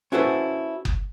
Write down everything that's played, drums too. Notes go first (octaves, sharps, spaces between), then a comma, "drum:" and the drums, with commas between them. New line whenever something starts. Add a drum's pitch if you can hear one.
C#4 E4 F#4 A4 B4 C5
drum: kick F#1